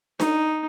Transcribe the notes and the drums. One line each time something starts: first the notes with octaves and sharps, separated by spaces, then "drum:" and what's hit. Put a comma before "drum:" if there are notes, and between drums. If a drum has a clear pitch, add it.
D#4, drum: snare D4